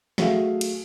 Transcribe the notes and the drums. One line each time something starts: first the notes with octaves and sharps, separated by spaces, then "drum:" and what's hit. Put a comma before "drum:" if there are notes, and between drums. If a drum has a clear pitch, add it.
F#3 A3 F#4 G#4 E5 F5, drum: snare
drum: cymbal